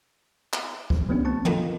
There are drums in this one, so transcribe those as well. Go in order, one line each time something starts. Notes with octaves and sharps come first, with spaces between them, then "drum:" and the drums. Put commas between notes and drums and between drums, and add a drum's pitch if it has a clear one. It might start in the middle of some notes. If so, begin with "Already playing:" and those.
drum: clap
drum: kick
F3 A3 B3 C#4 D4 G4
C4 A5 C#6
F4 A4 A#4 D#5, drum: tom